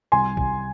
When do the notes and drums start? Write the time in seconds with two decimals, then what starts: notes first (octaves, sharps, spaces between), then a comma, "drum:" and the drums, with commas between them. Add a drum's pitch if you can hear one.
0.12 C2 G#5 C6
0.37 C2, drum: kick